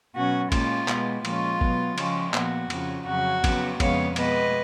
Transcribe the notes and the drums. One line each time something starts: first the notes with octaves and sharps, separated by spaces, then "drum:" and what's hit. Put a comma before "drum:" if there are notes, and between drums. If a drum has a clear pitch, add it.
B2 F#3 C#4 F#4
A#2 G#3 C#4 F4, drum: kick G#1, cymbal
B2 G#3 B3, drum: clap
A#2 F3 G#3 C#4 F4, drum: cymbal
B2 F#3 B3, drum: kick G#1
C#3 F3 G#3 C#4, drum: cymbal
A#2 F3 B3 F#4, drum: clap
F2 C#3 F3, drum: cymbal
F2 C#3 F#3 C#4 F#4
C#3 F#3 B3, drum: kick G#1, cymbal
F2 C#3 G#3 B3 C#5 F5, drum: kick G#1, cymbal
B2 G#3 B3 B4 D#5, drum: cymbal